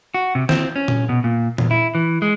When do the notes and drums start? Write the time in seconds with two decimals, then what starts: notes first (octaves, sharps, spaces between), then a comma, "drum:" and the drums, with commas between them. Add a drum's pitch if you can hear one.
0.14 F#4
0.35 C3
0.49 C4, drum: snare
0.76 C#4
0.88 drum: tom A#2
1.09 B2
1.24 A#2
1.58 E2, drum: tom A#2
1.71 E4
1.95 E3
2.22 G#3